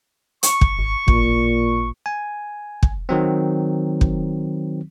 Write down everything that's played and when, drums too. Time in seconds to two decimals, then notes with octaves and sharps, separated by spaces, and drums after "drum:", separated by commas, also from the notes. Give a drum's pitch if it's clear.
0.43 C#6, drum: hi-hat
0.61 drum: kick
0.79 G#1
1.08 A1 A#2, drum: kick
2.06 G#5
2.83 drum: kick
3.09 D#3 F#3 C4
4.01 drum: kick